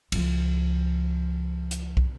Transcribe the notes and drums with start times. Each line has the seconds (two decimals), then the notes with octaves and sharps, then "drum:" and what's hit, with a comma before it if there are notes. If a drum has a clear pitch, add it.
0.12 C#2 F3, drum: cymbal
1.71 drum: hi-hat
1.97 drum: kick